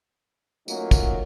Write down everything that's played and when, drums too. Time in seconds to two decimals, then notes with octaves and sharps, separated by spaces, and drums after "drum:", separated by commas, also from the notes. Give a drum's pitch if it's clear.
0.68 F#3 A3 A#3 C#4 D#4 F4, drum: tambourine
0.91 drum: kick, tambourine